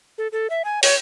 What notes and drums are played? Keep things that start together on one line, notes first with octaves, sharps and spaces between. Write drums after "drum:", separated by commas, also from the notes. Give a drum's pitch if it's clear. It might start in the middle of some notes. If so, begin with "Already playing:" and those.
A4
A4
E5
G#5
C#5, drum: open hi-hat